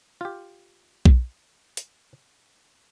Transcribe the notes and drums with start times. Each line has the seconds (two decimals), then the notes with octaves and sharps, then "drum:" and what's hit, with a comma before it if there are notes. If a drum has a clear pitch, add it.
0.21 F4 G4
1.05 drum: kick B1
1.77 drum: hi-hat